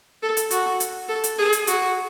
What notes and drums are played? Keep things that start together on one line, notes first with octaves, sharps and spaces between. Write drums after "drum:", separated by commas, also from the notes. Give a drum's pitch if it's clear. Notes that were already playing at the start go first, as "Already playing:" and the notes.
A4
drum: hi-hat
F#4, drum: hi-hat
drum: hi-hat
A4
drum: hi-hat
G#4
drum: hi-hat
F#4, drum: hi-hat